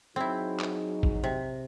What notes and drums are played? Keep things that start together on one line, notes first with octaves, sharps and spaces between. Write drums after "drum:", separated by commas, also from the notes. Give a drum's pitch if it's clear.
F#3 C4 D#4 E4 G#4
drum: clap
drum: kick
C3